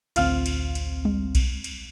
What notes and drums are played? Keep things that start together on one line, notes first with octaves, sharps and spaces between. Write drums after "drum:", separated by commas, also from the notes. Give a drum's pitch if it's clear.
A1 D2 C4 F4 F5 F6, drum: cymbal
drum: cymbal
drum: cymbal
drum: tom G3
drum: kick B1, cymbal
drum: cymbal